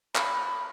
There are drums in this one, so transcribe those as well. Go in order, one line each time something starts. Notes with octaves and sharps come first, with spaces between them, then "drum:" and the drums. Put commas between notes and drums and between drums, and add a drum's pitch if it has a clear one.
B5, drum: clap